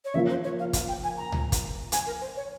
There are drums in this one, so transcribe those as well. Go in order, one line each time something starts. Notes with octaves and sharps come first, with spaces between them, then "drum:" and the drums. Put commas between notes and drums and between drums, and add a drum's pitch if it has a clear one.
C#5
C#3 F3 A#3 F4 E5
C5
C#5
F5
F5, drum: kick, hi-hat
G5
G#5
A#5
drum: tom C#2
drum: kick, hi-hat
G#5, drum: hi-hat
A#4
C5
C#5